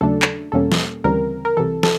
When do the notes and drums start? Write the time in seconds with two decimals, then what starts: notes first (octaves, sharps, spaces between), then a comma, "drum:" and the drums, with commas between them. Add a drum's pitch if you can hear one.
0.01 D#2 C#3 F#3 A3 D4 A4
0.22 drum: clap
0.52 E2 B2 G3 A#3 C#4 A4
0.72 drum: snare
1.04 D2 C#3 E3 G3 C4 A#4
1.45 A#4
1.57 C2 C3 E3 A4
1.83 A4, drum: snare